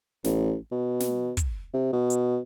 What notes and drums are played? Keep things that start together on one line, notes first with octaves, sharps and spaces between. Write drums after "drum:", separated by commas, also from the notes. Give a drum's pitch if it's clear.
A1, drum: snare
B2
drum: snare
drum: kick, hi-hat
C3
B2
drum: hi-hat